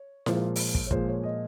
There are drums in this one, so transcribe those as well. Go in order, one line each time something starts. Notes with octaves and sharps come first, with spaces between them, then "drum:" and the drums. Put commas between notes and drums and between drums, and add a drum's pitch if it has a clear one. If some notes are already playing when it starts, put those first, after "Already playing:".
Already playing: C#5
A#2 F3 G#3, drum: snare E4
drum: open hi-hat
drum: kick
C#5
A#2 F3 G#3 C5, drum: kick
C#5
D#5